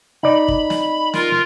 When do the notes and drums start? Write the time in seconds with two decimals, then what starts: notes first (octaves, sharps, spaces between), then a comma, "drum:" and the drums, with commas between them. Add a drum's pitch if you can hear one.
0.23 D#4 D5 B5
0.48 drum: kick
0.70 drum: snare
1.14 F4 A#4, drum: snare